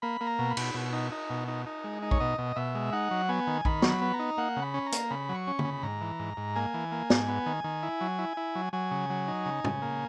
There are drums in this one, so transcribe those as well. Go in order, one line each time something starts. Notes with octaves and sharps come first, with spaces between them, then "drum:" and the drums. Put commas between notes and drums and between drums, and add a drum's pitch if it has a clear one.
A#3 B5
A#3
A#5
B2
B5
B2, drum: cymbal
B2
D#4
D#4
B2
D#4
D#4
G#3
D#4
C#5, drum: kick A#1
B2 D#5
B2
B2 E5
G#3
D#4 F#5
F#3
B3 G#5
D#3
D#3 B5, drum: kick A#1
F#3 C#6, drum: snare
B5
B3
A#5
D#4
A#3 F#5
C#3
B5
C#4
A#5
A#3, drum: hi-hat
C#3 B5
F#3
C#6
C#4
B5, drum: tom
C#3
G#2 A#5
E3
G#2
G#2
A#3 G#5
E3
A#3
G#2, drum: snare
B3
D#3
D#3
E4
F#3
E4
E4
F#3
F#3 G#5
C#3
F#3
D#4
C#3
C#3, drum: tom A2
A#3